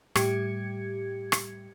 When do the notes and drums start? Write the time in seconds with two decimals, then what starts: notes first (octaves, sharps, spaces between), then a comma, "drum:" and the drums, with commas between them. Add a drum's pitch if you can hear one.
0.15 A2 G3 G4 G#6 C#7, drum: rim click
1.32 drum: rim click